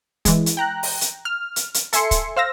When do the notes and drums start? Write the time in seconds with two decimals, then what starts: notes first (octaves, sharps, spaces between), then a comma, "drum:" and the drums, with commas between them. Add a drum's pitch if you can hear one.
0.25 E3 G#3, drum: kick, hi-hat
0.46 drum: hi-hat
0.57 G5 A#5 F#6
0.83 drum: open hi-hat
1.01 drum: hi-hat
1.25 F6
1.56 drum: hi-hat
1.74 drum: hi-hat
1.93 A4 E5 G#5 C6 C#7, drum: hi-hat
2.11 drum: kick, hi-hat
2.37 C5 F5 E6 A#6